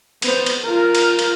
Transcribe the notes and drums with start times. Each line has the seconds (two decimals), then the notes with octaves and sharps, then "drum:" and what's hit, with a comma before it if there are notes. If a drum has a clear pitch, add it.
0.22 B3 C5, drum: cymbal
0.46 drum: cymbal
0.65 F4 A#4
0.95 drum: cymbal
1.19 drum: cymbal